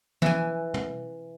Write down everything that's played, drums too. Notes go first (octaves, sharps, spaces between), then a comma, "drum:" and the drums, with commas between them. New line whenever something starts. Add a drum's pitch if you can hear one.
E3 G#5, drum: tom
drum: tom